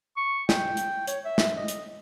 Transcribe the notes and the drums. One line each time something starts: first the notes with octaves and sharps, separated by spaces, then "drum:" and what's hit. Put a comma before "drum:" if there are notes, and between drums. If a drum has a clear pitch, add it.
C#6
G5, drum: snare
drum: hi-hat
C#5, drum: hi-hat
E5
drum: snare
D#5
drum: hi-hat